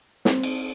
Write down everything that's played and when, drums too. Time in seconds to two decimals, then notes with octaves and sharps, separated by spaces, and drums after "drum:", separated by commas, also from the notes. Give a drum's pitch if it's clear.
0.25 C4, drum: snare
0.43 drum: cymbal